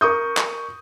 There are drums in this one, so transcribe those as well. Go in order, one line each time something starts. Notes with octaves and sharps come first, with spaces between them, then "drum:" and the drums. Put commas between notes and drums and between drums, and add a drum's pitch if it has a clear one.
A#4 C#6 D#6 G6
drum: clap